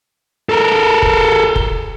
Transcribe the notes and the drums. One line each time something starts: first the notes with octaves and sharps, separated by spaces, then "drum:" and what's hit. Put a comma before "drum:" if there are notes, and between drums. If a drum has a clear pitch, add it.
A4 A#4
drum: kick F1
drum: kick F1